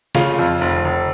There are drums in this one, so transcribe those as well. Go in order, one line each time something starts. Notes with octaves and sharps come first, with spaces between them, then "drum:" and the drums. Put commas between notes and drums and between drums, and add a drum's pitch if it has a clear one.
C#3 F4, drum: snare
F2
F1
F1